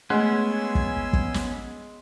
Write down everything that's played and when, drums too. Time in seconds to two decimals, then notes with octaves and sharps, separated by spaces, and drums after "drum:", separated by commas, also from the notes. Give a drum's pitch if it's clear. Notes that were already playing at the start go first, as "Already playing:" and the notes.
0.10 G#3 A3 B3 C#4 G#5 C6 E6
0.75 drum: kick
1.13 drum: kick
1.34 drum: snare